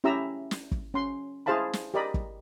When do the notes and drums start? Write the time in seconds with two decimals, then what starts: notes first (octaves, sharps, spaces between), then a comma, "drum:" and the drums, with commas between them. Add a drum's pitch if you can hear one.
0.04 C#4 E4 G4 E5 A#5 E6
0.51 drum: snare
0.71 drum: kick
0.94 C#4 C6
1.46 E4 G#4 C5 F5 A5 B5
1.73 drum: snare
1.94 G4 A#4 D5 D#5 B5
2.14 drum: kick